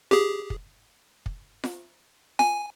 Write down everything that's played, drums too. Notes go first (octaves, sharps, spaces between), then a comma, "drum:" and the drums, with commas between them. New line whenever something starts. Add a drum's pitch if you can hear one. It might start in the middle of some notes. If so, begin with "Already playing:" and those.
G4 G#4, drum: snare F4
drum: kick
drum: kick
drum: snare F4
G#5, drum: snare F4